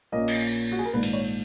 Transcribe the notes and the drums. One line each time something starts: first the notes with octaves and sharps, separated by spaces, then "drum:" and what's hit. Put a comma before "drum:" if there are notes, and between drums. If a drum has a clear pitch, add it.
A#1 A#2 A#3 C#4 D#5
drum: cymbal
F#4
G#4
A#4
A#1 G#2 D#3 B4
drum: cymbal
C#5